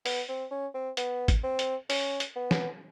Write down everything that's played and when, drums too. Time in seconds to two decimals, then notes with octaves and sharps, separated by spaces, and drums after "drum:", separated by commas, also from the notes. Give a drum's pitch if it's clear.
0.06 B3, drum: open hi-hat
0.29 C4
0.51 C#4
0.74 C4
0.97 B3, drum: hi-hat
1.28 drum: kick, hi-hat
1.44 C4
1.59 drum: hi-hat
1.90 C#4, drum: open hi-hat
2.20 drum: hi-hat
2.36 B3
2.51 drum: snare